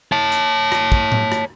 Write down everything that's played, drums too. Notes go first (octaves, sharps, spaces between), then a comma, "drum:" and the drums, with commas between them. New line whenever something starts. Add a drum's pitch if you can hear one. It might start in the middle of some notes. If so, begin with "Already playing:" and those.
C#5 A5
drum: hi-hat
drum: rim click
drum: kick
drum: tom A2
drum: rim click